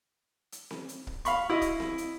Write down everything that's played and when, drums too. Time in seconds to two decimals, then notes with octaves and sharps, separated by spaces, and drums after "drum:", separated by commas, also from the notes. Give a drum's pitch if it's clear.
0.52 drum: hi-hat
0.71 drum: snare C4
0.89 drum: hi-hat
1.07 drum: kick
1.25 F5 B5 C#6, drum: hi-hat
1.50 E4 D#5
1.62 drum: kick, hi-hat
1.80 drum: snare C4
1.98 drum: hi-hat